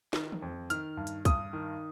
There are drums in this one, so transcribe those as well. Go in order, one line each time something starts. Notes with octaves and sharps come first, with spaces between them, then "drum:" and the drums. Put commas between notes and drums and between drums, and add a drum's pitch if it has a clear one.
D#3, drum: snare
drum: tom D#3
F2
D#3 F6, drum: hi-hat
G2
drum: hi-hat
G2 D#6, drum: kick, hi-hat
D#3